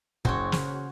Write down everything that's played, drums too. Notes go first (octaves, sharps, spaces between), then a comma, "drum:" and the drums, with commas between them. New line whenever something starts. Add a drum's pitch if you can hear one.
F#1 F#4 C5 C#5, drum: kick
C#3, drum: snare